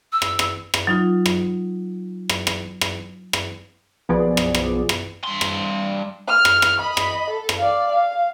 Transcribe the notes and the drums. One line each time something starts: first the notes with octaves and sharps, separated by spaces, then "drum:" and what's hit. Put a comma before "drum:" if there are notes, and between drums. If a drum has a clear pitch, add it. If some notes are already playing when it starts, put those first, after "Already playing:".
E6
drum: rim click
drum: rim click
drum: rim click
F#3 D#4 F4
drum: rim click
drum: rim click
drum: rim click
drum: rim click
drum: rim click
B1 F3 B3 G#4 D5
drum: rim click
drum: rim click
drum: rim click
G2 C6
drum: rim click
F6
drum: rim click
drum: rim click
D#5 B5
drum: rim click
A4
drum: rim click
D5 F5
F5